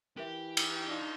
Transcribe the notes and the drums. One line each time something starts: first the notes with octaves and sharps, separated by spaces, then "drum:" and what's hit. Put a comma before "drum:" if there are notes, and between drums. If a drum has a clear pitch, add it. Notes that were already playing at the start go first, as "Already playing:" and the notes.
E3 G4 A#4 E5
drum: cymbal
D4 D#4 F4